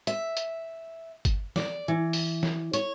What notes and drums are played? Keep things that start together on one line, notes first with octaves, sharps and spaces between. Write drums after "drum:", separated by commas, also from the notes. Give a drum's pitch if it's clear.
E5, drum: hi-hat
drum: hi-hat
drum: kick G1, hi-hat
D5, drum: snare
E3
drum: open hi-hat
drum: snare
C#5, drum: hi-hat